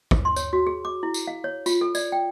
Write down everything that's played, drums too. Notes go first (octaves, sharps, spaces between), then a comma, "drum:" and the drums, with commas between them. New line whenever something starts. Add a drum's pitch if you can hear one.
drum: kick
C6
C#5, drum: tambourine
F#4
G#4
D6
E4
drum: tambourine
F5
C#5
F4, drum: tambourine
A4
D5, drum: tambourine
G5